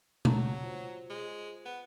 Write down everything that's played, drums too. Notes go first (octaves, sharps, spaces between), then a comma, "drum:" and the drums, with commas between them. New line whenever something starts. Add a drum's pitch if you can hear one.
F#3 A5 A#5, drum: tom B2
C#3
F4 C5
G#3
B3